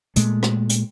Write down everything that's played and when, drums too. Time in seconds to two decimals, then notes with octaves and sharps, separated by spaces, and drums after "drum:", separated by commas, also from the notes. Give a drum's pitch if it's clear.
0.16 A#2 G#3 A3, drum: hi-hat
0.43 drum: rim click
0.69 drum: hi-hat